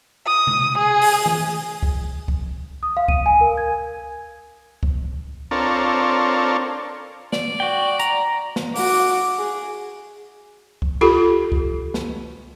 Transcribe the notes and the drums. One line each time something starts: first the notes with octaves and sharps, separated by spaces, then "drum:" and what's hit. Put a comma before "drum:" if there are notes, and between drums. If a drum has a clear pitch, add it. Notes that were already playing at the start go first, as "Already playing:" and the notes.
D#6
drum: tom C3
G#4
drum: open hi-hat
drum: tom D#3
drum: kick C2
drum: kick C2
D#6
F5
D#7, drum: kick C2
G#5
A#4
G#6
drum: kick C2
C4 D4 F4 A4 A#4 C#5
D5, drum: snare
F#4 G5
A#5, drum: hi-hat
drum: snare
F#4 D6, drum: open hi-hat
G#4
drum: kick C2
F4 G4 A4
drum: kick C2
drum: snare